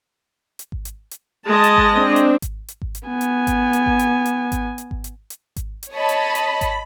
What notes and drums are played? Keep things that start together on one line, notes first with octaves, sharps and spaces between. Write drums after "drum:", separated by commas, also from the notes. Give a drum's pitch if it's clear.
drum: hi-hat
drum: kick G#1
drum: hi-hat
drum: hi-hat
G#3 D#5 A5
drum: hi-hat
drum: kick G#1
C4 D4
drum: hi-hat
drum: kick G#1, hi-hat
drum: hi-hat
drum: kick G#1
drum: hi-hat
B3 G#5
drum: hi-hat
drum: kick G#1, hi-hat
drum: hi-hat
drum: kick G#1
drum: hi-hat
drum: hi-hat
drum: kick G#1, hi-hat
drum: hi-hat
drum: kick G#1
drum: hi-hat
drum: hi-hat
drum: kick G#1, hi-hat
drum: hi-hat
C#5 D#5 A5 B5
drum: hi-hat
drum: hi-hat
drum: kick G#1, hi-hat